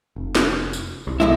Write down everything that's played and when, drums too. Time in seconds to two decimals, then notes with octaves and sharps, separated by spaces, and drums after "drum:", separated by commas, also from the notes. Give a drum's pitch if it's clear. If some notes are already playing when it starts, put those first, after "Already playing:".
0.16 F1
0.35 drum: snare
0.73 drum: tambourine
1.07 C2
1.20 B1 G#3 E4